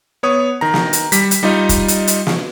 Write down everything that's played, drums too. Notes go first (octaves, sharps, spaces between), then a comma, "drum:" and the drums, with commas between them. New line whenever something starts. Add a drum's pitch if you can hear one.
B3 C#5 D#6
D#3 A#5
drum: snare
drum: hi-hat
G3 B6, drum: hi-hat
drum: hi-hat
G3 D#4 F4 D#5
drum: kick F1, hi-hat
drum: hi-hat
drum: hi-hat
drum: snare